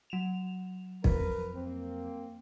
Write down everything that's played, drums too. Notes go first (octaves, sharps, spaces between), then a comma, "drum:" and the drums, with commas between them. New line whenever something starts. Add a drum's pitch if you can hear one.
F#3 E7 F7
F2 A#4 B4, drum: kick
A#3 C4